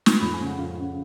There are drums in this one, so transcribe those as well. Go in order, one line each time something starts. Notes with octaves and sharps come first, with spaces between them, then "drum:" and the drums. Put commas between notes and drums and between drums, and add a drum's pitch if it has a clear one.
drum: snare
F2 B5
G#5
C#3
F#5
F2 F5
C#3 F#5